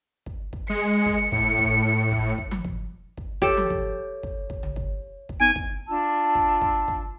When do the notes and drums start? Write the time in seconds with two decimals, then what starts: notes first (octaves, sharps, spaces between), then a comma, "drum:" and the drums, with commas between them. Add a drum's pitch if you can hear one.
0.26 drum: kick
0.53 drum: kick
0.70 G#3 C#7
1.06 drum: kick
1.32 A2, drum: kick
1.59 drum: kick
2.12 drum: kick
2.38 drum: kick
2.51 drum: tom F3
2.65 drum: kick
3.17 drum: kick
3.42 G4 A4 C#5, drum: kick
3.57 drum: tom F3
3.70 drum: kick
4.23 drum: kick
4.50 drum: kick
4.63 drum: tom
4.76 drum: kick
5.29 drum: kick
5.40 B3 D#4 G#5 D7
5.56 drum: kick
5.88 D4 F4 A5 E6
6.35 drum: kick
6.62 drum: kick
6.88 drum: kick